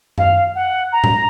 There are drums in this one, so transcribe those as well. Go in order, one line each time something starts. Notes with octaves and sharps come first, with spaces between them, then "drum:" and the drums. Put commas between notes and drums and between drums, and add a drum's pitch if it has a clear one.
F5, drum: tom F#2
F#5
A#5
drum: tom A2